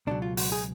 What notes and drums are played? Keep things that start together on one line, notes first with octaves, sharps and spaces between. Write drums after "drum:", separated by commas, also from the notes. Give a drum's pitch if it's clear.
C#2 B2 F#3 D4
F4
F#4, drum: open hi-hat
G#4